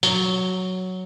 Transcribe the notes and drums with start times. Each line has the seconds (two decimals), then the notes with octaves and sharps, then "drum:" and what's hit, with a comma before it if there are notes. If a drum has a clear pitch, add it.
0.03 F#3, drum: tambourine